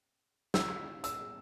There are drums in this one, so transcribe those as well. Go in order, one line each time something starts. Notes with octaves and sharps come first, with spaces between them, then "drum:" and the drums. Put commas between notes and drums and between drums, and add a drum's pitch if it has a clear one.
E6, drum: snare
E6, drum: hi-hat